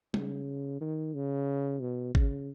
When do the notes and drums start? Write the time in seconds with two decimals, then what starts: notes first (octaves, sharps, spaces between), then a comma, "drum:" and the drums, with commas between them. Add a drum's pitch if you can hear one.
0.14 C#3, drum: tom G3
0.81 D#3
1.15 C#3
1.81 B2
2.15 C#3, drum: kick G#1